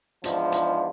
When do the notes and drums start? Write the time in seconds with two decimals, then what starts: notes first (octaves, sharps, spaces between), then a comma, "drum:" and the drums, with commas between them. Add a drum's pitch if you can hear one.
0.24 E2 G#2 F3 D4 F4, drum: hi-hat
0.52 drum: hi-hat